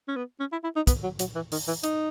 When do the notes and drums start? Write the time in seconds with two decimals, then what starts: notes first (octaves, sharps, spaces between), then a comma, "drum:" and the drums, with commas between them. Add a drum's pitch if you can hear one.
0.08 C#4
0.16 B3
0.40 C#4
0.52 E4
0.64 E4
0.76 D#4
0.87 B3, drum: kick, hi-hat
1.03 F#3
1.19 F#3, drum: hi-hat
1.35 E3
1.52 D#3, drum: open hi-hat
1.68 E3
1.83 D#4, drum: hi-hat